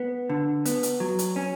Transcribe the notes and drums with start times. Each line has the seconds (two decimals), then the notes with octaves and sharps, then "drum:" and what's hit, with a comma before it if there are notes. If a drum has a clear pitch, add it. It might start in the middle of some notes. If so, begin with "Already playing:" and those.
Already playing: B3
0.30 D3
0.65 B3, drum: hi-hat
0.83 drum: hi-hat
1.00 F#3
1.19 drum: hi-hat
1.36 C#4